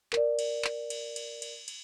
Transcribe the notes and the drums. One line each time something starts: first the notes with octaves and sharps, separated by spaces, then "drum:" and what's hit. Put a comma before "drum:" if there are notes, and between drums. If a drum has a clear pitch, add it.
A#4 D5, drum: clap
drum: cymbal
drum: clap
drum: cymbal
drum: cymbal
drum: cymbal
drum: cymbal